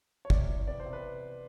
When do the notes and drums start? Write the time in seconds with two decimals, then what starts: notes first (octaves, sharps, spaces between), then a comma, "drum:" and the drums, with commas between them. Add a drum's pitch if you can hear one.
0.25 C#5
0.30 C3 D5, drum: kick
0.49 E3
0.67 B3 D5
0.80 C5
0.86 C3
0.93 B4